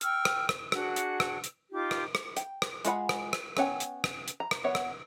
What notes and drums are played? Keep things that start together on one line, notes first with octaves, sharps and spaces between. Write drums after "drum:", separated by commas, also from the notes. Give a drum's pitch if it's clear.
G5 C#6 E6 F6, drum: hi-hat
drum: rim click
drum: rim click
D4 F#4 G#4 F#5, drum: rim click
drum: hi-hat
drum: rim click
drum: hi-hat
D#4 F4 G4 D6
drum: rim click
drum: rim click
G5, drum: hi-hat
drum: rim click
G#3 F4 G#4 F#5 B5, drum: hi-hat
drum: rim click
drum: rim click
B3 C#4 C#5 F#5 G5, drum: rim click
drum: hi-hat
drum: rim click
drum: hi-hat
A#5
drum: rim click
B3 F#4 C#5 E5 F#5
drum: rim click